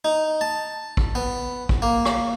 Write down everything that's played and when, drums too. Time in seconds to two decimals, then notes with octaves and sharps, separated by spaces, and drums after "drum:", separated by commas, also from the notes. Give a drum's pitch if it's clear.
0.05 D#4
0.41 A5
0.97 drum: kick
1.15 B3
1.69 drum: kick
1.82 A#3
2.05 drum: rim click